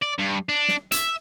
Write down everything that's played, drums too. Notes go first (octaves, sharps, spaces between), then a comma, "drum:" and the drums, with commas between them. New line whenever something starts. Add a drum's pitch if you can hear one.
D5
G2
D4
drum: snare
E5, drum: hi-hat